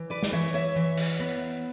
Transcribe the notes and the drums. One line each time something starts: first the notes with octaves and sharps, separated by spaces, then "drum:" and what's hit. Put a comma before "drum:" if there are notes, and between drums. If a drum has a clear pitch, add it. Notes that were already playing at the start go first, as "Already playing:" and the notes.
Already playing: E3
B4 D5
drum: snare
E3 C#5 E5
C#5 E5
E3
drum: cymbal
B3